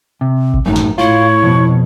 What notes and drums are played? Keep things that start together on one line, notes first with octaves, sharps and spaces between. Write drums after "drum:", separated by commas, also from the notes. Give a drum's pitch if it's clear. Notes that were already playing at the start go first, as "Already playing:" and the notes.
C3
drum: kick G#1
F#2 A2 F#3 D#4
drum: snare
A2 E4 F4 C#5 C#6
F2 B2